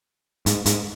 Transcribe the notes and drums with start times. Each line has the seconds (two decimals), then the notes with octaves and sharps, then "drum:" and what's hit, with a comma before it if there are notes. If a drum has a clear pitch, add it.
0.46 G#2, drum: hi-hat
0.66 G#2, drum: hi-hat